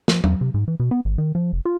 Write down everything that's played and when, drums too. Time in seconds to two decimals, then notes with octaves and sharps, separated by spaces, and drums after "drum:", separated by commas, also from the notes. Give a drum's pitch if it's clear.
0.08 F3, drum: snare
0.24 E2, drum: tom F#3
0.41 C3
0.54 G#2
0.68 E3
0.80 B2
0.91 B3
1.05 G#1
1.18 D#3
1.35 F3
1.53 F1
1.65 F4